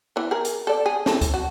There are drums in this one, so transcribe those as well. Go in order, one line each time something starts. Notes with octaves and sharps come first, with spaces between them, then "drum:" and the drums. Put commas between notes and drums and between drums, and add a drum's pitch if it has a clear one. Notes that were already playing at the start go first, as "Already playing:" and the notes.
E3 B3
G#4 A#4
drum: hi-hat
A4 D5
G#4
E3 A4, drum: snare
drum: kick C#2, hi-hat
F#4